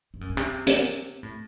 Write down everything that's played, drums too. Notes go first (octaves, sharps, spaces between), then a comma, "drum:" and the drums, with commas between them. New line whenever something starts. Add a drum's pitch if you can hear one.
G2
F#2
G2
C3
drum: hi-hat
A2